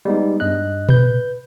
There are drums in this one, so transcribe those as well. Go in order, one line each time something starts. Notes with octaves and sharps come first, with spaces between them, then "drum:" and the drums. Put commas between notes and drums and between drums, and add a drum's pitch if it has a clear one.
G3 G#3 B3 D#4
G2 D#5 F#6
B4 G6, drum: tom A#2